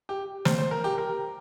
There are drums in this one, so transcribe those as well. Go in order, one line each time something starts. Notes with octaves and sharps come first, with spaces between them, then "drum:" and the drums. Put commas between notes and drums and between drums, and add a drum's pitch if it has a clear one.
G4
C5, drum: snare
C5
A#4
G4
A#4